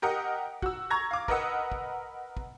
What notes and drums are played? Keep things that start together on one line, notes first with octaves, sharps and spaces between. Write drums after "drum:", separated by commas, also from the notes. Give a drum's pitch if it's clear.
G4 A#4 D#5 F#5
F#4 E6, drum: kick
A#5 C#6 G#6 A#6
F5 D6
A#4 B4 D#5 F#5 E6, drum: kick
drum: kick
drum: kick